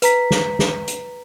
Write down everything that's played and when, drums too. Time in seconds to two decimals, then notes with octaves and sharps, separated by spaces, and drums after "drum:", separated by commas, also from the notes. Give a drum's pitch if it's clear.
0.02 B4 A#5 B6, drum: hi-hat
0.31 drum: snare
0.59 drum: snare
0.88 drum: hi-hat